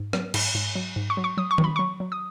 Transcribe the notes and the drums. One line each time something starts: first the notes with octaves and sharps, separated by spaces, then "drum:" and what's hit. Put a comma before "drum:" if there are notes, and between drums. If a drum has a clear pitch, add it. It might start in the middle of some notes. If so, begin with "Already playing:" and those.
Already playing: G#2
F#3, drum: rim click
G#2, drum: cymbal
G#2
F#3
G#2
C#6
F#3
C#6
F#3 D#6
C#6
F#3, drum: tom D#3
B5
F#3 C#6
F#3
D#6